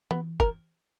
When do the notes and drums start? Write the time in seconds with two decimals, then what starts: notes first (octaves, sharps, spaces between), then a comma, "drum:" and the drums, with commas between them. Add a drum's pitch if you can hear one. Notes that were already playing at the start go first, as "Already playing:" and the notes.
0.11 B3, drum: tom E3
0.40 A#4, drum: kick